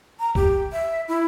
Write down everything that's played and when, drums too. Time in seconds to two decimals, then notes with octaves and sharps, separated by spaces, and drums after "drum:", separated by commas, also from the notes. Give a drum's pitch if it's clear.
0.20 A#5
0.35 G4, drum: kick
0.72 E5
1.08 E4